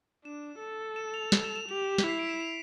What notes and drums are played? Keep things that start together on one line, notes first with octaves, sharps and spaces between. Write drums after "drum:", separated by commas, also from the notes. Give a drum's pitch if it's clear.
D4 E7
A4
E7
F7
E7, drum: snare
E7
E7
G4 F7
B6, drum: snare
E4
C7
D7
E7
F7